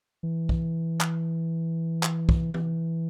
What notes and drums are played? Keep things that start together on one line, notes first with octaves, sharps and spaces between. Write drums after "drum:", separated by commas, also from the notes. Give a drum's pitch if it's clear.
E3
drum: kick
drum: clap
drum: clap
drum: kick
E3, drum: tom E3